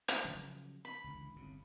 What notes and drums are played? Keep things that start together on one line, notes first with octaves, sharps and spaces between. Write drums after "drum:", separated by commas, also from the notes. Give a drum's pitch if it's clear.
drum: hi-hat
C#3 F3 F#3
B5
C#2 D3 E3
G1 C2 C#3